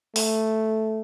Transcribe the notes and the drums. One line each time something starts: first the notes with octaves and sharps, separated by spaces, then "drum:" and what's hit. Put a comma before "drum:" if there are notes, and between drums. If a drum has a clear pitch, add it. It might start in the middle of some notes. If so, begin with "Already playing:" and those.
A3, drum: open hi-hat